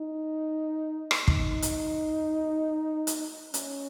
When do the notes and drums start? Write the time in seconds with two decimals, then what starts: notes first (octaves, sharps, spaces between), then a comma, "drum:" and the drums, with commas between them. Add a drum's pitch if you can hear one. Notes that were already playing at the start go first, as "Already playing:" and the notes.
Already playing: D#4
1.11 drum: rim click
1.28 D#4, drum: kick
1.62 drum: hi-hat
3.07 drum: hi-hat
3.54 C#4, drum: hi-hat